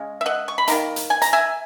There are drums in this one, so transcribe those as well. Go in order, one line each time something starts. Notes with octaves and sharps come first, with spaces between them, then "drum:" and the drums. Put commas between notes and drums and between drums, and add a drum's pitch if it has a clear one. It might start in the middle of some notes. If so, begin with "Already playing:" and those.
Already playing: C#3 G#3
E5
D#5 F#5
C#6
B5
D#3 A#3 D#4 A#5, drum: hi-hat
drum: hi-hat
G#5
A#5, drum: hi-hat
E5 G#5